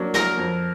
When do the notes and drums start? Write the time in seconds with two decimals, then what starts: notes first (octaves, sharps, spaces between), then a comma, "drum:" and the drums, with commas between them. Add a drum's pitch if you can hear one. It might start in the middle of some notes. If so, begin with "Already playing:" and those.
Already playing: F#3 A#3 D4
0.14 A#4 A#5, drum: snare
0.37 F2